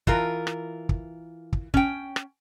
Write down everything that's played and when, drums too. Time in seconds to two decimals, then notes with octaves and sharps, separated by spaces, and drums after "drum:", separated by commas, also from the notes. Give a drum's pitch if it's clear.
0.07 E3 F4 A#4, drum: kick
0.47 drum: rim click
0.89 drum: kick
1.53 drum: kick
1.74 C#4 G5, drum: kick
2.16 drum: rim click